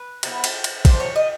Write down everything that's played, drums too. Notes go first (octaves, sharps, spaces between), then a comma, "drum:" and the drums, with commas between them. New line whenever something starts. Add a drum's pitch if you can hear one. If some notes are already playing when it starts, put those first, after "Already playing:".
Already playing: B4
F#3 B3 E4, drum: cymbal
drum: cymbal
drum: cymbal
A#2 F3 G#3 C5, drum: kick, cymbal
C#5
D#5